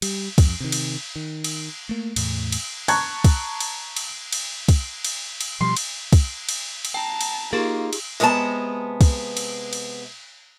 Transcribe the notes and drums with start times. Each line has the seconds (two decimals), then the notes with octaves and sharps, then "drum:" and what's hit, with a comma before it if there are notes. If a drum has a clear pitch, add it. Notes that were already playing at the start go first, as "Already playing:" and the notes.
0.02 G3, drum: cymbal
0.38 F2, drum: kick, cymbal
0.60 C3 D#3
0.72 drum: cymbal
1.16 D#3
1.44 drum: cymbal
1.89 A3 A#3
2.16 E2 A2, drum: cymbal
2.52 drum: cymbal
2.88 A5 A#5 C#6 F#6 G#6, drum: cymbal
3.24 drum: kick, cymbal
3.60 drum: cymbal
3.96 drum: cymbal
4.32 drum: cymbal
4.68 drum: kick, cymbal
5.04 drum: cymbal
5.41 drum: cymbal
5.61 B2 F3 G3 C6
5.77 drum: cymbal
6.13 drum: kick, cymbal
6.49 drum: cymbal
6.85 drum: cymbal
6.94 G5 A5 A#5
7.21 drum: cymbal
7.53 A#3 D#4 F4 G4 G#4
7.93 drum: cymbal
8.20 C3 G#3 B3 C#5 A5 A#5
9.01 drum: kick, cymbal
9.37 drum: cymbal
9.73 drum: cymbal